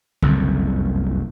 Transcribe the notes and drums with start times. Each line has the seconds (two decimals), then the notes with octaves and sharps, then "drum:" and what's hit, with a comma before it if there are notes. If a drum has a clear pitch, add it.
0.23 F#1 C2 F2, drum: tom C#3